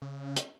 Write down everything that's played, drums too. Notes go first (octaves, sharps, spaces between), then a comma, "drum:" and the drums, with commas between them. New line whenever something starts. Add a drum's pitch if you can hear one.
C#3
drum: hi-hat